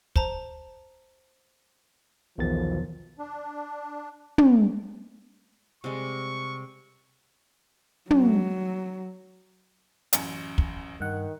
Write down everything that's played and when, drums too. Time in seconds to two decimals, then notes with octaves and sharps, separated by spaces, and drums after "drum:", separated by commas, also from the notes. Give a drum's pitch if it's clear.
0.16 C5 A5 A#5, drum: kick
2.38 B1 E2 D#3 F3 A6
3.19 D4
4.38 drum: tom
5.84 C3 G3 G#3 C#6
8.10 F#3, drum: tom
10.13 A1 F#2, drum: hi-hat
10.58 drum: kick
11.00 G2 D#3 F#5